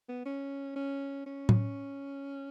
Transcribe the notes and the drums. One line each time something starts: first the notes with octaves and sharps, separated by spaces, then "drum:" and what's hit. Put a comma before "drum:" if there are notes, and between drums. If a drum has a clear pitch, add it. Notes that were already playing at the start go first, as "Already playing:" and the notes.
B3
C#4
C#4
C#4
drum: tom A2